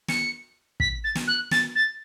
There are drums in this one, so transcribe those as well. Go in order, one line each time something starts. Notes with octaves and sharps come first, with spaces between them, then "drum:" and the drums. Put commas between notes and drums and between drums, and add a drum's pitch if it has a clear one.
C#7, drum: snare
B6, drum: kick
A6
drum: snare
F#6
A6, drum: snare
A6